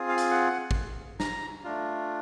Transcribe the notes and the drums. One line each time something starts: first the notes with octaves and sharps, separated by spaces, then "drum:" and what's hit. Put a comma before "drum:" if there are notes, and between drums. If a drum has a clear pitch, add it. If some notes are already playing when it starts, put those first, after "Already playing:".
Already playing: C4 F4 G#4
F5
drum: hi-hat
F#5
drum: kick
A#5, drum: snare
A3 D4 F4